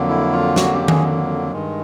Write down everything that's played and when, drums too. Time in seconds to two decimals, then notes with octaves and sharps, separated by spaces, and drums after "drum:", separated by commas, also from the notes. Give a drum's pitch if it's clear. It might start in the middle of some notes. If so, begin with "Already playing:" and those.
Already playing: F2 D3 F#3 A#3
0.09 E4
0.32 F4
0.56 F#4, drum: snare
0.73 G4
0.88 G#4, drum: tom D#3
1.52 G2 D#3 G#3